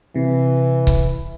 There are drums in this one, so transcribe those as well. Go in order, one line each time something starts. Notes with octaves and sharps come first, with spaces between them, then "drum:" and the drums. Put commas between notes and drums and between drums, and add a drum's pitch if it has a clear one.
C3 E3
drum: kick C#1